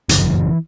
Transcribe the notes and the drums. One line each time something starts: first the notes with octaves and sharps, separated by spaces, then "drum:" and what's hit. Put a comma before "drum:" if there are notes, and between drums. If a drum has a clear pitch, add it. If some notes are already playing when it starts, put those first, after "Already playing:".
G1 F#2 C#3 E3, drum: hi-hat
F3
E3